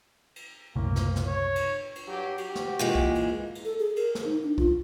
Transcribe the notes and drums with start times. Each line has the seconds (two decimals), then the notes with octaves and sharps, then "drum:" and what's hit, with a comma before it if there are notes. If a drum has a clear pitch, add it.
0.36 drum: cymbal
0.76 F#1 C2 A2 A#3
0.96 drum: snare
1.16 drum: snare
1.28 C#5
1.56 drum: cymbal
1.95 drum: cymbal
2.08 G2 F#3 G4
2.38 F#4 G4, drum: cymbal
2.55 drum: snare
2.79 A#2 E3 G#3
2.95 drum: kick B1
3.15 drum: cymbal
3.55 drum: cymbal
3.65 A4
3.79 G#4
3.96 A#4, drum: cymbal
4.15 drum: snare
4.25 D#4
4.43 D4
4.58 F4, drum: kick B1